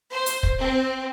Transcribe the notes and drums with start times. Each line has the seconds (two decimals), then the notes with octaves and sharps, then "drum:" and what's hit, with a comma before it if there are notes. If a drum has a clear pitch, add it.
0.11 C5
0.26 drum: hi-hat
0.43 drum: kick
0.60 C4